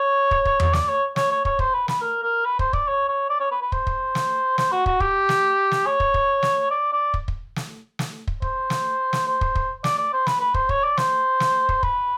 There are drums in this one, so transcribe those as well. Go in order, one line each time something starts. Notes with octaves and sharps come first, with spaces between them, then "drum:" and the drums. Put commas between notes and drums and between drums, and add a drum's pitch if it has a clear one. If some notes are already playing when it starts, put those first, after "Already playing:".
Already playing: C#5
drum: kick
drum: kick
drum: tom E2
D5, drum: snare
C#5
C#5, drum: snare
C#5
C#5, drum: kick
C5, drum: kick
B4
B4, drum: snare
A#4
A#4
B4
C5, drum: kick
D5, drum: kick
C#5
C#5
D5
C#5
B4
B4
C5, drum: kick
drum: kick
drum: snare
C5, drum: snare
F#4
F#4, drum: kick
G4, drum: kick
drum: snare
drum: snare
C#5
drum: kick
drum: kick
drum: snare
D5
D5
drum: kick
drum: kick
drum: snare
drum: snare
drum: kick
C5, drum: kick
drum: snare
drum: snare
C5
drum: kick
drum: kick
D5, drum: snare
D5
C5
B4, drum: snare
B4
C5, drum: kick
C#5, drum: kick
D5
C5, drum: snare
drum: snare
drum: kick
B4, drum: kick